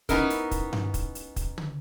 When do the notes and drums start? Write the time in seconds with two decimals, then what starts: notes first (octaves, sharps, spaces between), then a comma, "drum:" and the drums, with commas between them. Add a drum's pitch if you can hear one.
0.09 B3 C#4 D#4 E4 A#4, drum: kick, hi-hat
0.30 drum: hi-hat
0.51 drum: kick, hi-hat
0.73 drum: tom G2
0.94 drum: kick, hi-hat
1.15 drum: hi-hat
1.36 drum: kick, hi-hat
1.58 drum: tom C#3